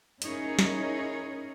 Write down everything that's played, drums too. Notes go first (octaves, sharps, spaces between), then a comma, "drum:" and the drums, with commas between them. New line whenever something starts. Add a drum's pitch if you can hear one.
C#4 D#4 E4 G#4 A#4 C#5, drum: hi-hat
drum: snare